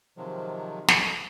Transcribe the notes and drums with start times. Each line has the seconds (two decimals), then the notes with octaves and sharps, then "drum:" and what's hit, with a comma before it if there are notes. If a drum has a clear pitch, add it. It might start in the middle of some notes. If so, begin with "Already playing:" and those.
0.17 C3 D#3 F3 F#3 G#3
0.88 F2, drum: snare